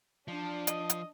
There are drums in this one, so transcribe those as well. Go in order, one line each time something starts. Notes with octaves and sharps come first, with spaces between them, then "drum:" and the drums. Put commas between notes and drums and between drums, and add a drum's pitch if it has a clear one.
F3 D4
D#5, drum: hi-hat
drum: hi-hat